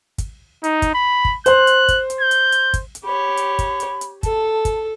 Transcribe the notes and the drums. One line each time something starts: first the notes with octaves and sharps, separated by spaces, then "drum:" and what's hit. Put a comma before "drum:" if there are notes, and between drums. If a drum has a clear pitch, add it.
drum: kick, hi-hat
D#4, drum: hi-hat
drum: kick, hi-hat
B5
drum: kick
C5 C6 F#6, drum: hi-hat
drum: hi-hat
drum: kick, hi-hat
drum: hi-hat
G6
drum: hi-hat
drum: hi-hat
drum: kick, hi-hat
drum: hi-hat
G4 C#5 B5
drum: hi-hat
drum: kick, hi-hat
drum: hi-hat
drum: hi-hat
A4 A5, drum: kick, hi-hat
drum: kick, hi-hat